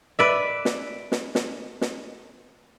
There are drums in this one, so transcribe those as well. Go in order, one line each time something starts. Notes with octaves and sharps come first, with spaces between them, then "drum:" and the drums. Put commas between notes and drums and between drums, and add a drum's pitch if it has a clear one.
B4 D5 E5
drum: snare
drum: snare
drum: snare
drum: snare